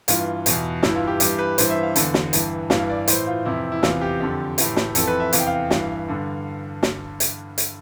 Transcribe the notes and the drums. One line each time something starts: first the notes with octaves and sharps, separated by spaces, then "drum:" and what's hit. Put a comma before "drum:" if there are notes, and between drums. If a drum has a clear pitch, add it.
G2 E3 F4, drum: hi-hat
E2 B2, drum: hi-hat
G2 E3 E4, drum: snare
F4
G4
G2 E3 G4, drum: hi-hat
B4
G2 E3 C5, drum: hi-hat
E5
F5
E2 D3, drum: hi-hat
drum: snare
G2 E3, drum: hi-hat
G2 E3 F5, drum: snare
D5
A2 E3 C5, drum: hi-hat
F4
F2 C3 E3 E4
E4
E2 C3 E3 F4, drum: snare
G4
F2 D3
A2 E3, drum: hi-hat
drum: snare
F2 E3 A4, drum: hi-hat
B4
E5
E2 C3 E3 F5, drum: hi-hat
G5
F5
G2 E3, drum: snare
G2 D3
drum: snare
drum: hi-hat
drum: hi-hat